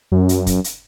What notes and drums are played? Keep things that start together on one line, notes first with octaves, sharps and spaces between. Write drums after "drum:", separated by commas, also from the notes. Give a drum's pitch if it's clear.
F#2
drum: hi-hat
drum: kick, hi-hat
drum: hi-hat